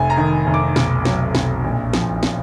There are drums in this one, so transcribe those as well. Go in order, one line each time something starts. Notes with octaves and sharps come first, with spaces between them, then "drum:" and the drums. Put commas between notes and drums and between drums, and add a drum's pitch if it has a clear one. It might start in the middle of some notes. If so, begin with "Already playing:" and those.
Already playing: F1 G#5
A#5
D#3
F1
D6
B1, drum: snare
F#3, drum: snare
B1, drum: snare
A#1
F3, drum: snare
drum: snare